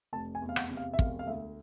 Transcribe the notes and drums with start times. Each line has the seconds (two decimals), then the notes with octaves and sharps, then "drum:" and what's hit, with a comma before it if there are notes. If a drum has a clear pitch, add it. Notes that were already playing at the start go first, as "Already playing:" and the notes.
0.13 F1 A5
0.35 G#5
0.42 E2
0.49 F5
0.56 F#5, drum: rim click
0.71 C3
0.77 F5
0.93 E5
0.99 E1 F5, drum: kick
1.19 F5
1.27 D2 E5